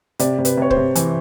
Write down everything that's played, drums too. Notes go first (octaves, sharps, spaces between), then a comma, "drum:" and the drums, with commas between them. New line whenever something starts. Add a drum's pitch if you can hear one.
C3 D5, drum: hi-hat
C3
B4, drum: hi-hat
C3 C#5
C5, drum: kick
C3
E3, drum: hi-hat